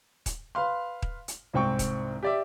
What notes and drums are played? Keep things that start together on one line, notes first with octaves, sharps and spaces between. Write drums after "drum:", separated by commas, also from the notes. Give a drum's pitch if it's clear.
drum: kick D#1, hi-hat
B4 F5 C6
drum: kick D#1
drum: hi-hat
C2 G#2 C4 G5 C#6
drum: kick D#1, hi-hat
G4 D5 E5